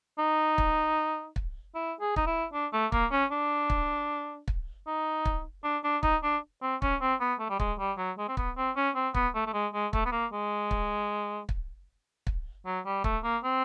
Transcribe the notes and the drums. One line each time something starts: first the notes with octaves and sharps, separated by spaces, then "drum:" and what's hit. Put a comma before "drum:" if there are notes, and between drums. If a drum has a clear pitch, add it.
D#4
drum: kick
drum: kick
E4
G#4
D#4, drum: kick
E4
D4
A3
A#3, drum: kick
C#4
D4
drum: kick
drum: kick
D#4
drum: kick
D4
D4
D#4, drum: kick
D4
C4
C#4, drum: kick
C4
B3
A3
G3
G#3, drum: kick
G3
F#3
G#3
C4
B3, drum: kick
C4
C#4
C4
B3, drum: kick
A3
A3
G#3
G#3
A3, drum: kick
B3
A#3
G#3
drum: kick
drum: kick
drum: kick
F#3
G3
A3, drum: kick
A#3
C4